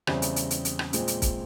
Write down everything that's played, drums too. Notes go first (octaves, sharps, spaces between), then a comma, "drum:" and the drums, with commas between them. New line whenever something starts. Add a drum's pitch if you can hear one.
E2 C#3 G3 C4, drum: rim click
drum: hi-hat
drum: hi-hat
drum: hi-hat
drum: hi-hat
drum: rim click
A#2 G#3 C4, drum: hi-hat
drum: hi-hat
drum: kick, hi-hat